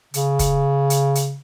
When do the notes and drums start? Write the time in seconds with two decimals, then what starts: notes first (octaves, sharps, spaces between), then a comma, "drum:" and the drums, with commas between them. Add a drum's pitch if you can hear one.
0.14 C#3, drum: hi-hat
0.39 drum: kick, hi-hat
0.90 drum: hi-hat
1.15 drum: hi-hat